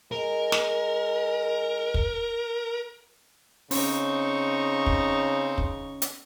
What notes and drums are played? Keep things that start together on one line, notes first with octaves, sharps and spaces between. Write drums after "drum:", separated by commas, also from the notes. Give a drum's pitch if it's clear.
G#3 A#4
drum: snare
drum: kick
C#3 C4 C#4 D#4 C#6, drum: open hi-hat
drum: kick
drum: kick
drum: hi-hat